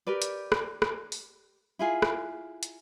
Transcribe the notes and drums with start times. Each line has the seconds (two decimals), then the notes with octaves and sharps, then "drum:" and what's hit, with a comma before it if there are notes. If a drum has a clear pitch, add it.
0.07 G4 A#4 B4 D5
0.22 drum: hi-hat
0.52 drum: rim click
0.82 drum: rim click
1.12 drum: open hi-hat
1.79 E4 F4 G#4
2.02 drum: rim click
2.63 drum: hi-hat